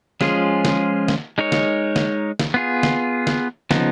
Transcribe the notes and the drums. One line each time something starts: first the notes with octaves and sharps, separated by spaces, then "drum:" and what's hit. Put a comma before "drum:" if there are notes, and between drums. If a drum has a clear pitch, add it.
F3 G#3 C#4 F4 G#4, drum: snare
drum: snare
drum: snare
G#3 D#4 A#4 C#5
drum: snare
drum: snare
drum: snare
B3 F4 G#4
drum: snare
drum: snare
C#3 F3 B3 D#4, drum: snare